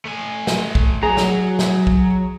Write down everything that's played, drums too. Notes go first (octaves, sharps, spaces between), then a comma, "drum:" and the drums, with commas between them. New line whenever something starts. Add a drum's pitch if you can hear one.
A3 G#5
drum: snare
drum: kick
F#3 G#4 A#5
drum: snare
drum: snare
drum: kick